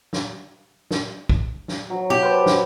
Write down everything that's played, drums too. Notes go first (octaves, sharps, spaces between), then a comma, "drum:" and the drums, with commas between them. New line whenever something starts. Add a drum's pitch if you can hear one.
drum: snare
drum: snare
drum: kick
drum: snare
F#3
G4
B4 C5 A5
B4, drum: snare